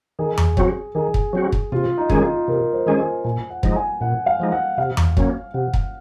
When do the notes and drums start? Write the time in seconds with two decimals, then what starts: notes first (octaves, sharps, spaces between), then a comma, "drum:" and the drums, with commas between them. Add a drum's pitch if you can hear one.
0.19 D#3 G#4
0.38 drum: tom E2
0.57 F#3 C4 F#4, drum: kick
0.95 D#3 G#4
1.14 drum: kick
1.33 F#3 C4 F#4
1.52 drum: kick
1.72 C3 F4
1.98 D#4
2.10 D#3 G#3 C#4 G#4, drum: kick
2.23 F4
2.48 C3 A#4
2.73 C5
2.86 D#3 G#3 C#4 G#4
2.99 G#5
3.24 A#2 G#5
3.50 F#5
3.63 F3 G#3 D#4, drum: kick
3.76 G#5
4.01 A#2 F#5
4.26 F5
4.40 F3 G#3 D#4
4.52 F#5
4.78 C3 F5
4.97 drum: tom E2
5.17 F#3 A#3 C#4, drum: kick
5.54 C3 F#5
5.74 F#5, drum: kick